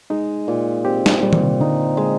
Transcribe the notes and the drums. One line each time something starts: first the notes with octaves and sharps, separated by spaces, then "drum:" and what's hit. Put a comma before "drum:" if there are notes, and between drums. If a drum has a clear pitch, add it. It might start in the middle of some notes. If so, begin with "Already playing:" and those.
G#3 D#4
A#2
C4 G4
drum: snare
A#2 G3
drum: tom D#3
C3
D3 D#4
G#3